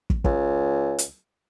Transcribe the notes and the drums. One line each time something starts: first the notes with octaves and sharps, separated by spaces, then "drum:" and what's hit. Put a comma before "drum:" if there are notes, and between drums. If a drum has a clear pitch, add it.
drum: kick
C#2, drum: kick
drum: hi-hat